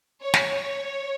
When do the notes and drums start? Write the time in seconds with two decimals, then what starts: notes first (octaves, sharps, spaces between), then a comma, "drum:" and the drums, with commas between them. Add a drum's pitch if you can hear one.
0.22 C#5
0.34 drum: snare